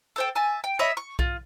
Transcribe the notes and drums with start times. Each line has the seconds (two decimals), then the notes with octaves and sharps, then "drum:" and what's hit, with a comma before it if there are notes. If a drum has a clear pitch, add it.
0.16 A4 C5 G5
0.35 E5 G#5 A5
0.64 G5
0.79 C#5 D#5 E5 B5
0.97 C#6
1.19 F4, drum: kick B1